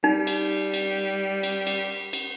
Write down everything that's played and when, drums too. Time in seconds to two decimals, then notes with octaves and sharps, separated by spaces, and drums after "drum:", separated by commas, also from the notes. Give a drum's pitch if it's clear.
0.04 G3 D#4
0.27 drum: cymbal
0.74 drum: cymbal
1.43 drum: cymbal
1.67 drum: cymbal
2.13 drum: cymbal